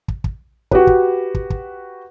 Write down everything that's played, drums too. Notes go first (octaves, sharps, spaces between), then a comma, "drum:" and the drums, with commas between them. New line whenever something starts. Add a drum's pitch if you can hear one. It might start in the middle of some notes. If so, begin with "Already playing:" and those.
drum: kick
drum: kick
F#4 G4 B4, drum: kick
drum: kick
drum: kick
drum: kick